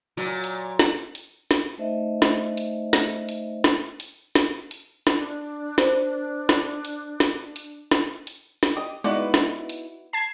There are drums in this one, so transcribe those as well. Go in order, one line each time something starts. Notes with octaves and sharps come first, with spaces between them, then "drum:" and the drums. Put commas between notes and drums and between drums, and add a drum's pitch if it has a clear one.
A#2 F#3
drum: hi-hat
drum: snare
drum: hi-hat
drum: snare
A3 D#4 C5 D#5 E5
drum: snare
drum: hi-hat
drum: snare
drum: hi-hat
drum: snare
drum: hi-hat
drum: snare
drum: hi-hat
drum: snare
D4
A#4 C5, drum: snare
drum: snare
drum: hi-hat
drum: snare
drum: hi-hat
drum: snare
drum: hi-hat
drum: snare
G4 D#5
G#3 B3 D#4 E4 F#4 B4 D5
drum: snare
drum: hi-hat
A5 G#6 C7